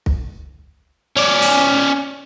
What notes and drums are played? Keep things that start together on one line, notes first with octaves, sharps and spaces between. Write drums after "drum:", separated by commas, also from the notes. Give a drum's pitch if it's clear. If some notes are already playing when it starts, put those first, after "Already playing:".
drum: kick
C#4 D5
drum: open hi-hat